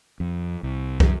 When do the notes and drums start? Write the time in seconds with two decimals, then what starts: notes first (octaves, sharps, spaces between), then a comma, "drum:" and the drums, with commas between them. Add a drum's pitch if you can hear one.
0.20 F2
0.63 C2
1.00 F#2, drum: kick